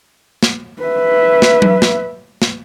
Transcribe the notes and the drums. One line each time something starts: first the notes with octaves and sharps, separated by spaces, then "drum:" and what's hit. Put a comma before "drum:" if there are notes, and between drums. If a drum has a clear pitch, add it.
drum: snare
B4 E5
drum: snare
drum: tom F#3
drum: snare
drum: snare